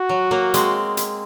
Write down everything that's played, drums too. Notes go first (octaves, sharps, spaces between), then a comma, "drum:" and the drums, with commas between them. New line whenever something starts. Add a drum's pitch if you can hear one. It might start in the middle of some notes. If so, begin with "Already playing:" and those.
Already playing: F#4
F#3
F#3 A#3
G#3 C4, drum: hi-hat
drum: hi-hat